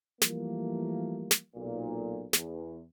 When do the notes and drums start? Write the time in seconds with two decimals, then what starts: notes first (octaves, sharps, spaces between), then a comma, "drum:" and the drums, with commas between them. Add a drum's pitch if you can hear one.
0.22 E3 F3 G3 A3 A#3, drum: snare
1.31 drum: snare
1.55 B1 A#2
2.33 E2, drum: snare